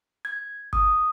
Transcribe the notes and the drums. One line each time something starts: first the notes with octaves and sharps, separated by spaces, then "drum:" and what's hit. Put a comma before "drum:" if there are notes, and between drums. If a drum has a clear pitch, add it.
G#6
D#6, drum: kick G1